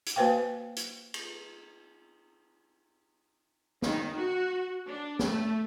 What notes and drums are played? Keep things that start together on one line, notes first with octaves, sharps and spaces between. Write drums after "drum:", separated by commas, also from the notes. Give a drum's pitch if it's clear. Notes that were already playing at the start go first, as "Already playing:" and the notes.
drum: hi-hat
A#3 F#4 B4 C5 F5 G5
drum: hi-hat
drum: cymbal
D#3, drum: snare
F#4
D4
A3, drum: snare